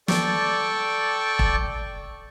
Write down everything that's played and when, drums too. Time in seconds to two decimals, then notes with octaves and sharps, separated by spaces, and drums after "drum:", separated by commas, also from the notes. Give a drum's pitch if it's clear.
0.08 A4 D5 G5 C#6, drum: snare
1.39 drum: kick